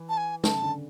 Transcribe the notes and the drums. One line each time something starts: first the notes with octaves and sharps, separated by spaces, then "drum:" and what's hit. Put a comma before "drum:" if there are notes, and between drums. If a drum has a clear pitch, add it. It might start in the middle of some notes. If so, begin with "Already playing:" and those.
Already playing: E3
A5
G#5
C#3 A5, drum: snare
D3